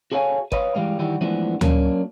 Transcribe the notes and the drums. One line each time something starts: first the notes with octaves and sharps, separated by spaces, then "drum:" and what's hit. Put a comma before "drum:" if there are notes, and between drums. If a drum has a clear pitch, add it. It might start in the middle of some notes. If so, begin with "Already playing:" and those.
F#4 G#4 A4 C#5 F5 G#5
B4 C#5 D#5 F5 B5, drum: kick
E3 G3 G#3 F5
D#3 E3 G3 E4 F#4
E3 F3 G#3 A3 B3 D4
F#3 A#3 C#4 D4, drum: tom D2